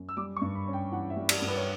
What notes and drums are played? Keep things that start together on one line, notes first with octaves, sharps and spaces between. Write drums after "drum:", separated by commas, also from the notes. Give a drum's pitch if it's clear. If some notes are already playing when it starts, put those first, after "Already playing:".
Already playing: F#2
E6
G3 D6
C#6
G2
B5
C#4
G5
E3 F#5
E5
G3
D5, drum: cymbal
G2
B4
C#5